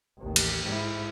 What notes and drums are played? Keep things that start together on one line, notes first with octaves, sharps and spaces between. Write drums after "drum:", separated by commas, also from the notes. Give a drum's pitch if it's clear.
A1 D#2
drum: cymbal
G#2 E4